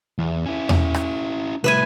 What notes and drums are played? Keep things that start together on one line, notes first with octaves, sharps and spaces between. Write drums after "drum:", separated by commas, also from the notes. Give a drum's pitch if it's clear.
E2
C#4 E4
drum: tom E2
drum: rim click
C2 A2 B4 E5 G#5